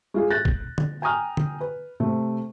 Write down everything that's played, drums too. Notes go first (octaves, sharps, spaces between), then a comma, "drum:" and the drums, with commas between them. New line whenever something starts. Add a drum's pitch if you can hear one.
G#3 F4 G#4
F#6 G6 A6 A#6
drum: kick
drum: tom
G5 G#5 A#5 D#6 F6
drum: tom
B4
C3 A3